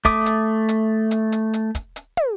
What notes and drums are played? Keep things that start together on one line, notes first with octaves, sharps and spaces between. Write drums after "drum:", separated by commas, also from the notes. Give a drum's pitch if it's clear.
A3 E5 D6 D#6, drum: kick, hi-hat
drum: hi-hat
drum: hi-hat
drum: hi-hat
drum: hi-hat
drum: hi-hat
drum: kick, hi-hat
drum: hi-hat
drum: tom